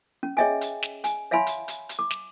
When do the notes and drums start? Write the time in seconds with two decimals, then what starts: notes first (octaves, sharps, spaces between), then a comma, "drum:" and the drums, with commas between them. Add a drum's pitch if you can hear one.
0.23 C#4
0.37 G#4 C#5 D#5 E5 G5 G#5
0.61 drum: hi-hat
0.83 drum: snare
1.04 G#5, drum: hi-hat
1.31 C#5 E5 F5 G#5 B5 C6
1.47 drum: hi-hat
1.68 drum: hi-hat
1.89 drum: hi-hat
1.99 D6
2.11 drum: snare